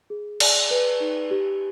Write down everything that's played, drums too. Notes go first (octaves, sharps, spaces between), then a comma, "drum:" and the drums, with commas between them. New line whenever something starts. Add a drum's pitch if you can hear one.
G#4
D5, drum: cymbal
B4
D#4
G4